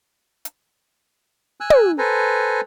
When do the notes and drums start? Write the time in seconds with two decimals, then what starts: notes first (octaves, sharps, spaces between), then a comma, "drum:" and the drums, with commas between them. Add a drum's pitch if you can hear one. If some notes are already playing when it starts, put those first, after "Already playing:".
0.45 drum: hi-hat
1.60 G#5 E6 F#6
1.70 drum: tom
1.98 A4 B4 C5 G#5 A#5